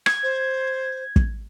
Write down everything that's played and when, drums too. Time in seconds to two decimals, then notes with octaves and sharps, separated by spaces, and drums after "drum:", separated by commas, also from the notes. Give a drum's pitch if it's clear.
0.06 G#6, drum: rim click
0.22 C5
1.16 drum: kick